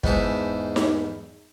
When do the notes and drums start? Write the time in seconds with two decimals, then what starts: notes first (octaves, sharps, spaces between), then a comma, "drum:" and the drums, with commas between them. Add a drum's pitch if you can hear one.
0.04 E2 G#2 D#4 E4 A5, drum: kick
0.76 drum: snare D#4